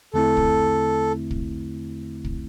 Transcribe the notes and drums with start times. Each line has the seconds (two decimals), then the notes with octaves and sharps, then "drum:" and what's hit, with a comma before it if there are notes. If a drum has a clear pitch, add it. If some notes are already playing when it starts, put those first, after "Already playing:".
0.14 E2 D3 A3 C4 E4 A4
0.37 drum: kick
1.31 drum: kick
2.25 drum: kick